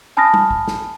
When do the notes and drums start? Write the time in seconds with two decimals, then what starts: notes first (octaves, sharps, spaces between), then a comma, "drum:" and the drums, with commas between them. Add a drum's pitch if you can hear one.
0.17 G#5 A5 B5 D#6 F6 A#6
0.34 drum: tom G3
0.51 drum: kick
0.68 drum: snare